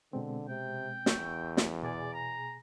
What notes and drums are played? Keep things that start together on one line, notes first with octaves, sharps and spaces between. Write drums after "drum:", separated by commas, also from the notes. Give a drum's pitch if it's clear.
B2 D3 G#3 C4
C3 G5
E2 C#6 E6, drum: snare
drum: snare
B2 G#4 D5 G#5
A#5